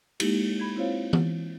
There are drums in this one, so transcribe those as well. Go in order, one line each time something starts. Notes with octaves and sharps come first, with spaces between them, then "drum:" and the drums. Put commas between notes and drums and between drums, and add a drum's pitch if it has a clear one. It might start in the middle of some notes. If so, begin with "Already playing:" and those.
G#3 A#3 D#4 E4 G4, drum: cymbal
B5 G#6
C4 E4 F4 C5 C#5 F5
drum: tom E3